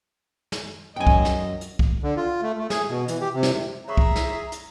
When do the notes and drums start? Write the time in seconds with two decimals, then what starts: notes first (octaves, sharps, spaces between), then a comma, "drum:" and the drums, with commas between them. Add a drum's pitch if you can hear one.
0.52 drum: snare
0.96 F#2 D#5 G5 G#5
1.07 drum: kick
1.25 drum: snare
1.61 drum: hi-hat
1.79 drum: kick
2.03 D3
2.17 F4
2.42 A3
2.58 A3
2.70 G#4, drum: snare
2.89 B2
3.08 E3, drum: hi-hat
3.21 G4
3.34 C3
3.43 drum: snare
3.88 G#4 C#5 E5 A#5 B5 C#6
3.97 drum: kick
4.16 drum: snare
4.52 drum: hi-hat